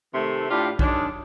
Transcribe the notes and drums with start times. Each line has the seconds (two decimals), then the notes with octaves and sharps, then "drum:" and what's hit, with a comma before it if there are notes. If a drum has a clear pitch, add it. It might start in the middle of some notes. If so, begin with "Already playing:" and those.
0.15 C3 D#3 A3
0.50 A2 D4 F4 G4
0.79 D#3 F#3 G#3 D4, drum: kick B1